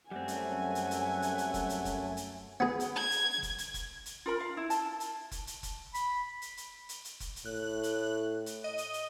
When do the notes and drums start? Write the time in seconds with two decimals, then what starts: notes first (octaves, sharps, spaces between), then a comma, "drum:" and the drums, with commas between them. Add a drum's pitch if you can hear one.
0.11 F#2 G3 A3 C4 E5 F#5 G#5
0.28 drum: hi-hat
0.75 drum: hi-hat
0.91 drum: hi-hat
1.22 drum: hi-hat
1.38 drum: hi-hat
1.54 drum: kick F1, hi-hat
1.70 drum: hi-hat
1.85 drum: kick F1, hi-hat
2.17 drum: hi-hat
2.60 B3 G#4
2.80 drum: hi-hat
2.96 G#6
3.11 drum: hi-hat
3.43 drum: kick F1, hi-hat
3.58 drum: hi-hat
3.74 drum: kick F1, hi-hat
4.06 drum: hi-hat
4.26 F4 A#4 B5
4.40 F5
4.57 E4
4.70 A5, drum: hi-hat
5.00 drum: hi-hat
5.31 drum: kick F1, hi-hat
5.47 drum: hi-hat
5.63 drum: kick F1, hi-hat
5.94 B5, drum: hi-hat
6.42 drum: hi-hat
6.57 drum: hi-hat
6.89 drum: hi-hat
7.05 drum: hi-hat
7.20 drum: kick F1, hi-hat
7.36 drum: hi-hat
7.45 A2 F#6
7.83 drum: hi-hat
8.46 drum: hi-hat
8.64 D#5
8.78 drum: hi-hat
8.93 drum: hi-hat